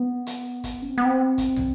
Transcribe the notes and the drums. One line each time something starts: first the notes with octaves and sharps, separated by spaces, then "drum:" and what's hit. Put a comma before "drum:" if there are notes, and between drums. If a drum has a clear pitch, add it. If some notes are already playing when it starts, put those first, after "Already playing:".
Already playing: B3
drum: hi-hat
drum: kick, hi-hat
C#4
C4
B3
C4
drum: kick, hi-hat
drum: tom